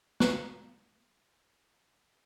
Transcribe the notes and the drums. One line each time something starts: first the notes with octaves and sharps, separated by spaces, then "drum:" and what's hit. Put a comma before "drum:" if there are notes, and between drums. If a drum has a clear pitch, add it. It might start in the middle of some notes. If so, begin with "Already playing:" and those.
B4 A#5 C#6 F#6, drum: snare